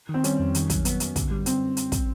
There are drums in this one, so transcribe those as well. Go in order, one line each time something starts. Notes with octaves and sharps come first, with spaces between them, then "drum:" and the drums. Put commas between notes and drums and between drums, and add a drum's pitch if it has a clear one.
D#3
C4
G3 C#4, drum: hi-hat
F2
D#3, drum: hi-hat
F#3, drum: kick, hi-hat
B3, drum: hi-hat
F#2, drum: hi-hat
D3, drum: kick, hi-hat
G3
C4, drum: hi-hat
drum: hi-hat
drum: kick, hi-hat